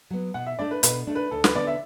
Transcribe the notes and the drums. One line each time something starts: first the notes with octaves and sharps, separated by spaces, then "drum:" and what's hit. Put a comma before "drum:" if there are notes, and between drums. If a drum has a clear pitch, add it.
F#3 B3
B2 F#5
E5
A3 D4 D5
B4
B2 B4, drum: hi-hat
A3 D4
B4
D2 A4
B4, drum: snare
D3 B3 D5
E5